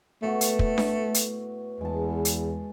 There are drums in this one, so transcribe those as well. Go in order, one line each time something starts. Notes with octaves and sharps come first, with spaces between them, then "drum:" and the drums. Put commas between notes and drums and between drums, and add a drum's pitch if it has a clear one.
A2 A3 B3 F#4
drum: hi-hat
drum: kick
drum: snare D4
drum: hi-hat
E2 G#3 A5
drum: hi-hat